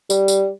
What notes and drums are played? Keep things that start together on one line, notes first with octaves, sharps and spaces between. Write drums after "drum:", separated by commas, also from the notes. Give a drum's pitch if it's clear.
G3, drum: tambourine
drum: tambourine